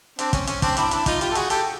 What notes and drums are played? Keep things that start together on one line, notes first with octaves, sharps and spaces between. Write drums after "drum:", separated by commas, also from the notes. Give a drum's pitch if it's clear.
C4 D4, drum: hi-hat
C#4, drum: kick, hi-hat
C#4, drum: hi-hat
C4 D4, drum: kick, hi-hat
D4 E4, drum: hi-hat
D4 E4, drum: hi-hat
D#4 F4, drum: kick, hi-hat
F4 G4, drum: hi-hat
A4
F#4 G#4, drum: hi-hat
G4 A4, drum: hi-hat